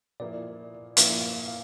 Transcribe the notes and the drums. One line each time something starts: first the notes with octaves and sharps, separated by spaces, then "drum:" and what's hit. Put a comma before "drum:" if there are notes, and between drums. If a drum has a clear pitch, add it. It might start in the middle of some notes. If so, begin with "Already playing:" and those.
A#2 F3 A#3 E4 D5
A#2 F3 A#3 E4 F5, drum: hi-hat
F5
F5